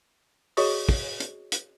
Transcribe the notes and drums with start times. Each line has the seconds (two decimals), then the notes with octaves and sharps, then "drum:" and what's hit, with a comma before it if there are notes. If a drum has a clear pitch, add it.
0.57 F#4 G#4 C#5 D#5 C#6 D#6, drum: open hi-hat
0.89 drum: kick, open hi-hat
1.20 drum: hi-hat
1.52 drum: hi-hat